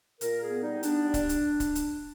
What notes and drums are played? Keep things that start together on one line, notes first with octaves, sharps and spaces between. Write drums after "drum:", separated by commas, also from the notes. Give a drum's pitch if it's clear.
A#2 A#4, drum: hi-hat
B3 G#4
G3 D#4
B3 D4, drum: hi-hat
G3
drum: kick C#1, hi-hat
drum: hi-hat
drum: kick C#1, hi-hat
drum: hi-hat